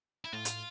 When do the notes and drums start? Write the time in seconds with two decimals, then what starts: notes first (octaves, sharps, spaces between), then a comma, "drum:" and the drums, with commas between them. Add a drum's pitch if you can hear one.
0.25 E4
0.32 A2 F4
0.45 drum: hi-hat